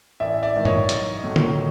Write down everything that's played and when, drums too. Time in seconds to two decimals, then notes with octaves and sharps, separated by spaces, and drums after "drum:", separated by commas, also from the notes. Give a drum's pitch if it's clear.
0.20 A1 D5 E5
0.43 D5 E5
0.54 G#2 D#3
0.65 C#5 D#5, drum: tom G2
0.89 B1, drum: hi-hat
1.23 A2 F#3 A3
1.36 drum: tom D3